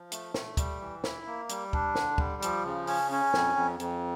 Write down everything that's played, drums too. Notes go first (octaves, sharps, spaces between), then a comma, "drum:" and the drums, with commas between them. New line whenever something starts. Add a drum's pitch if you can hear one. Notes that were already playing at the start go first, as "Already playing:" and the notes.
Already playing: F3
A3, drum: hi-hat
A3, drum: snare
G3, drum: kick D2, hi-hat
E3
E4, drum: snare
A#3
G3, drum: hi-hat
D4, drum: kick D2
D3, drum: snare
G3, drum: kick D2
F3, drum: hi-hat
C#3
C#4, drum: open hi-hat
C#4
F2, drum: snare
F2
F2, drum: hi-hat